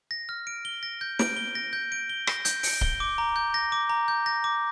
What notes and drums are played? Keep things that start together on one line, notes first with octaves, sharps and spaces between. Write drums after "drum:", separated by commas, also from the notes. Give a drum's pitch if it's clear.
A#6
F6
D7
G7
A#6
G6
D7, drum: snare
G7
A#6
G6
D7
G7
A#6, drum: rim click
G6, drum: hi-hat
D7, drum: open hi-hat
G7, drum: kick C#1
D6
A#5
G6
A#6
D6
A#5
G6
A#6
D6